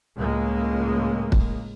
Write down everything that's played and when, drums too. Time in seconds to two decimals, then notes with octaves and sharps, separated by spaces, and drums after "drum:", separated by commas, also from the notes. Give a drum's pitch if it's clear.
0.17 C#2 A2 G#3 A#3
1.32 drum: kick